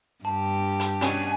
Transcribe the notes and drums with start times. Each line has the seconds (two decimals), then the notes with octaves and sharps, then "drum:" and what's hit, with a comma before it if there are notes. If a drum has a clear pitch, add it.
0.25 G2 G4 A5
0.80 drum: hi-hat
1.01 B2 C#4 D4 G#5, drum: hi-hat